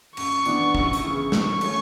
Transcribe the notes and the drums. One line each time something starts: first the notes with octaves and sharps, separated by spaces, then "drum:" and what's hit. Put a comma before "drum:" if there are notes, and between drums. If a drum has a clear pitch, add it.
F#2 C#6, drum: cymbal
E3 B3 D4, drum: tambourine
F#2, drum: kick G#1
drum: hi-hat
C#3 E3
E3 C#6, drum: snare
A3 C#4, drum: cymbal